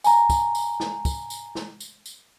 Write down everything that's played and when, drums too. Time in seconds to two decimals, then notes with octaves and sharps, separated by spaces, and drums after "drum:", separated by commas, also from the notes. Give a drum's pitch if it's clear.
0.04 G#5 A#5, drum: tambourine
0.30 drum: kick, tambourine
0.55 drum: tambourine
0.80 drum: snare
1.05 drum: kick, tambourine
1.30 drum: tambourine
1.55 drum: snare
1.80 drum: tambourine
2.06 drum: tambourine